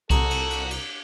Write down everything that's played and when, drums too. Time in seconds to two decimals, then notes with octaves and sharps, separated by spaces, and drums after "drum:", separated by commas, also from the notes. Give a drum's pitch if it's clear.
0.10 C2 F#4 A4 F#5 A#5 D#6, drum: kick C2, cymbal
0.30 drum: cymbal
0.51 drum: cymbal
0.71 drum: cymbal